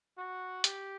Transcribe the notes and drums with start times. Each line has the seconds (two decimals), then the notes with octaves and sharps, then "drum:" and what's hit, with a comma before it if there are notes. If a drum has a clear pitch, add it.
0.17 F#4
0.64 G4, drum: hi-hat